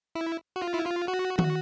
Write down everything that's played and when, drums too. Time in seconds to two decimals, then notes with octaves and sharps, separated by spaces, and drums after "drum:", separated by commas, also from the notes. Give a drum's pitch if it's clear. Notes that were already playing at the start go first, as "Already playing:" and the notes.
0.15 E4
0.56 F#4
0.62 F4
0.74 E4
0.85 F4
1.08 F#4
1.39 F#4, drum: tom D#3